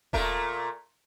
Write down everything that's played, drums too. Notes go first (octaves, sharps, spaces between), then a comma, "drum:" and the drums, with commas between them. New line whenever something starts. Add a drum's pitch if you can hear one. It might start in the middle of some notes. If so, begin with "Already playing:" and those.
A#2 A3 A#4, drum: kick D#1